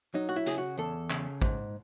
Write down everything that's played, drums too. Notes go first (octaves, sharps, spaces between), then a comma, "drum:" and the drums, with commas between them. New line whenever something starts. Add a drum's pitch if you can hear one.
F#3 D#4
F#4
E4
C#3 G#4, drum: hi-hat
F#4
E2 A4
C#3, drum: clap
G#2, drum: kick